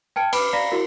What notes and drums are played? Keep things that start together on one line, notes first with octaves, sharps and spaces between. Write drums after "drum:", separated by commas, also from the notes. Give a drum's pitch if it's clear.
G5 A5 F6 G#6 C#7 D7
B4 B5 D6 F6 D7, drum: cymbal
D5 F5 A#5 B5 A#6 B6
E4 F#4 A#4